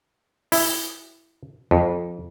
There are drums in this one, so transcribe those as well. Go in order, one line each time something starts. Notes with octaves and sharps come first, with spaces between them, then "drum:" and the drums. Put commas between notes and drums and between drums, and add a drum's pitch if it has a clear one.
E4, drum: open hi-hat
F2